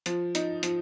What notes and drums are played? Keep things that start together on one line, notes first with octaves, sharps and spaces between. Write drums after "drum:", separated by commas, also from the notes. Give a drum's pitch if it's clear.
F3, drum: hi-hat
D#4, drum: hi-hat
F3, drum: hi-hat